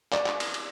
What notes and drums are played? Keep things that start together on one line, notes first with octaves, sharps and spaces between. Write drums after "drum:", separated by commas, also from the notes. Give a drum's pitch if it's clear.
D5, drum: clap
drum: clap
drum: cymbal
drum: cymbal